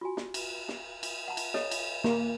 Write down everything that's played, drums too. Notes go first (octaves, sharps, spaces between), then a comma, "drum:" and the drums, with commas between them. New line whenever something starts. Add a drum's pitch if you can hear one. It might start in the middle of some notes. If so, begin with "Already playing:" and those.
F4 F#4 G#5
drum: snare
drum: cymbal
drum: snare
drum: cymbal
F#5 A5 A#5
drum: cymbal
A4 C#5 D#5, drum: snare
drum: cymbal
A#3, drum: snare